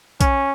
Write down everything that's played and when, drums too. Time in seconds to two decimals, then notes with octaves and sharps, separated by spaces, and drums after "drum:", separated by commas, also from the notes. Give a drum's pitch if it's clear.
0.21 C#4, drum: kick A#1, hi-hat